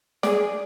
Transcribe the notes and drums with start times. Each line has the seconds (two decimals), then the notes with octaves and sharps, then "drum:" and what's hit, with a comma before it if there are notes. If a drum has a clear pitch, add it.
0.23 G#4 D5, drum: snare